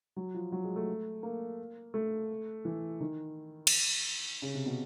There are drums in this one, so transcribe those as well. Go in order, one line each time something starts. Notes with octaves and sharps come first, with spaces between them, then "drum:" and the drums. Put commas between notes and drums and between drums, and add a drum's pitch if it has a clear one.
F#3
F3
F#3
G#3
A3
A#3
A3
E3
D#3
drum: cymbal
C#3
C3
B2